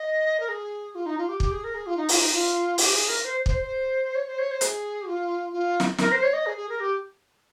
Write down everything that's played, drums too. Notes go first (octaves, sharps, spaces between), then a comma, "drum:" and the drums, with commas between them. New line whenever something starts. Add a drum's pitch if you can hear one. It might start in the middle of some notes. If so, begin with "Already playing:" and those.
Already playing: D#5
A#4
G#4
F4
D#4
F4
G4
G4, drum: kick
G#4
A#4
G#4
F4
D#4
F4, drum: open hi-hat
D#4
F4
G4, drum: open hi-hat
G#4
A#4
C5
C5, drum: kick
C5
C#5
C5
C#5
C5
G#4, drum: hi-hat
F4
F4
drum: snare
A#4, drum: snare
C5
C#5
D#5
G#4
G#4
A#4
G4